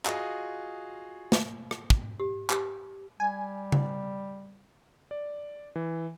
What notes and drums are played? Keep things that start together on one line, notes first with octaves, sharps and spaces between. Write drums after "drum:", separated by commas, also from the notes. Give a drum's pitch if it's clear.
F4 F#4 G#4 D#5, drum: clap
drum: snare
drum: rim click
drum: kick
G4
G4, drum: clap
G3 G#5
drum: tom C#3
D5
E3